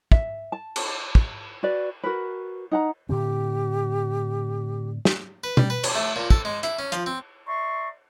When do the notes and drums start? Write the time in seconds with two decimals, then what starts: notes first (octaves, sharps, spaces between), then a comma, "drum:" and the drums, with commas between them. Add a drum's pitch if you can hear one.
0.12 E5, drum: kick
0.52 A5
0.76 drum: cymbal
1.15 drum: kick
1.63 F#4 B4 D5
2.03 F#4 A#4 B4
2.72 D#4 F#5 A#5
3.09 A2 D3 C4 G4
5.05 drum: snare
5.44 B4
5.57 G3, drum: tom B2
5.70 B4
5.84 C#5, drum: cymbal
5.95 A3
6.16 A#2
6.30 A4, drum: kick
6.45 G#3
6.63 E4, drum: hi-hat
6.79 C#4
6.92 F3, drum: hi-hat
7.06 C4
7.47 D5 E5 A#5 C6 C#6